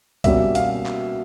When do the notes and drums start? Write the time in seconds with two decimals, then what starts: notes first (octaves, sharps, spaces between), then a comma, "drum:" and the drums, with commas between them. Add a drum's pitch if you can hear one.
0.24 B2 G3 A#3 C#4 E5, drum: kick C2, hi-hat
0.55 F5, drum: hi-hat
0.86 drum: clap